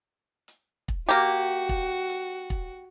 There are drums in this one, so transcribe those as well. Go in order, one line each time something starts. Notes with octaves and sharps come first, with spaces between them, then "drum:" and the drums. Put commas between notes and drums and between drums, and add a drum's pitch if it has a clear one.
drum: hi-hat
drum: kick
A#3 F#4 G4
drum: hi-hat
drum: kick
drum: hi-hat
drum: kick